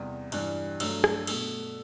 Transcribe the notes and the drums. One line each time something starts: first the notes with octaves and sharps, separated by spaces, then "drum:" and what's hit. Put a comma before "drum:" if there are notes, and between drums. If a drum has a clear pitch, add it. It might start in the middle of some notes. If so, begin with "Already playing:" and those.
Already playing: E2 C3 G3
G2 E3 G3 F#6, drum: cymbal
G2 F#3 A3 E6, drum: cymbal
drum: rim click
B2 A3 E6, drum: cymbal